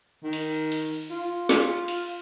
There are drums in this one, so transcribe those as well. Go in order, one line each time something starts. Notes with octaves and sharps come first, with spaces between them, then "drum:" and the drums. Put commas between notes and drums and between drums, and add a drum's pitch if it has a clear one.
D#3
drum: cymbal
drum: cymbal
F4
drum: snare
drum: cymbal